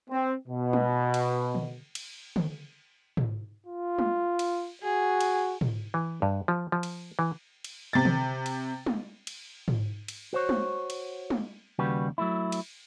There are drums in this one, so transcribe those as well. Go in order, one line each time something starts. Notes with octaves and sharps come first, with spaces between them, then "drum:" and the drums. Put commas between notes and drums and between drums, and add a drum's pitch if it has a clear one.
C4
B2
drum: tom
drum: cymbal
drum: tom
drum: cymbal
drum: tom
drum: tom
F4
drum: tom
drum: cymbal
F#4 G#4
drum: cymbal
drum: tom
E3
G2
F3
F3
drum: cymbal
E3
drum: cymbal
C3 A6
drum: tom
drum: cymbal
drum: tom
drum: cymbal
drum: tom G#2
drum: cymbal
F#4 C5 C#5
drum: tom
drum: cymbal
drum: tom
D#2 C#3 G3 F#4 G4 B4
F#3 A3 E4
drum: cymbal